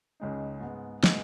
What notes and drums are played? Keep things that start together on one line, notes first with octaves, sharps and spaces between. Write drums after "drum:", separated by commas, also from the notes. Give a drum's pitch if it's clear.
C#2 C#3 G#3 D#4
G#2 G#3 B3
G#3 B3, drum: snare